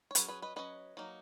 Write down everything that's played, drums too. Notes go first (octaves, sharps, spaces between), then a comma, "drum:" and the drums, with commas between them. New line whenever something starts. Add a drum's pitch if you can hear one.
C#5
F#3 C#4 G#4 B4, drum: hi-hat
G#4 B4
B4 D#5
F#3 C#4 B4 D#5
F#3 A#3 D#4